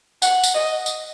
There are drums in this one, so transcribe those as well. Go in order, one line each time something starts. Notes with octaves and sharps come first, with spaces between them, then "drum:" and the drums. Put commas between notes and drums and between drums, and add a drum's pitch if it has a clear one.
F#5, drum: tambourine
drum: tambourine
D#5
drum: tambourine